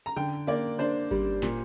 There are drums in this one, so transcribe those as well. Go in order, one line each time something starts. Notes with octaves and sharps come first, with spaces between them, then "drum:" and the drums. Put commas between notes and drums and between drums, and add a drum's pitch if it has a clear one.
A#5
D3 G5
A#3 D5
D4 C5
G3, drum: kick G#1
A#2, drum: snare